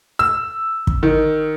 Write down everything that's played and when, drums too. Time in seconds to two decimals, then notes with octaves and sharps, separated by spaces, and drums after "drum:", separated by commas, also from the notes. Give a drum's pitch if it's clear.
0.19 E6
0.87 drum: kick
1.03 D#3